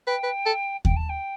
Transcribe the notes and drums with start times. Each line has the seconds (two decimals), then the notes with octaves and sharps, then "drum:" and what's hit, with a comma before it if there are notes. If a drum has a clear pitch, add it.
0.07 B4 G5
0.24 B4
0.46 A4
0.85 G5, drum: kick D#2
0.96 A5
1.09 G5